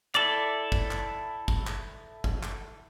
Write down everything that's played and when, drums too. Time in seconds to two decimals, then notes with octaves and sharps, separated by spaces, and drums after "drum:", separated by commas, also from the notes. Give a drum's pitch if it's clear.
0.15 E4 A4 D5, drum: clap
0.72 drum: kick
0.91 drum: clap
1.48 drum: kick
1.67 drum: clap
2.24 drum: kick
2.43 drum: clap